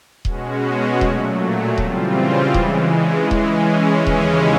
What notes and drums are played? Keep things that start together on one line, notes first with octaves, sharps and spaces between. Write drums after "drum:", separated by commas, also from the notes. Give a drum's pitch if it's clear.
B2 G#3 C#4 F#4, drum: kick D#1
A#2 F#3 A3, drum: kick D#1
C#3 E3 G3 C4 F4, drum: kick D#1
C#3 E3 G#3, drum: kick D#1
E3 G#3 C#4, drum: kick D#1
D#2 C#3 E3 G#3 C#4, drum: kick D#1